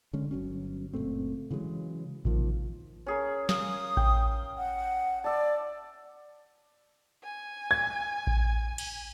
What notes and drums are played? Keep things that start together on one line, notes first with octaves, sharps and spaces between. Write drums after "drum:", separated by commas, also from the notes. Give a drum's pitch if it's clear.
D3 G#3 C#4
G1 F#3 C#4
F#1 A#2 A3 C4
C#3 E3 F#3 G#3
C3 D#3 F3 A#3, drum: kick A1
C#4 G#4 A#4
F5 D#6, drum: snare
G5, drum: kick A1
F#5
D5 E5 A5
G#5
G#6
drum: kick A1
drum: cymbal